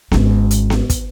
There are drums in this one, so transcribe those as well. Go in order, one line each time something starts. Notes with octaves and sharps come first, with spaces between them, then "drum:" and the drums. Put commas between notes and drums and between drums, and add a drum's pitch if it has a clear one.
G#1 C#4, drum: snare B3
drum: hi-hat
drum: snare B3
drum: kick, hi-hat